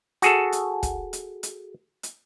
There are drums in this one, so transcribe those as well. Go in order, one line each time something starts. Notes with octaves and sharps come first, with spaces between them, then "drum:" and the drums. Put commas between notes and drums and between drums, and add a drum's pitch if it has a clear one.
F#4 G#4 A4, drum: hi-hat
drum: hi-hat
drum: kick, hi-hat
drum: hi-hat
drum: hi-hat
drum: hi-hat